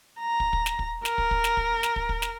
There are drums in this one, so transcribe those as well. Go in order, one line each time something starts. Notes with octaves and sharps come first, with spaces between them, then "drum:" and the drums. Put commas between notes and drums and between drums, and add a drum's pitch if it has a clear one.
A#5
drum: kick
drum: kick
drum: snare
drum: kick
A#4, drum: snare
drum: kick
drum: kick
drum: snare
drum: kick
drum: snare
drum: kick
drum: kick
drum: snare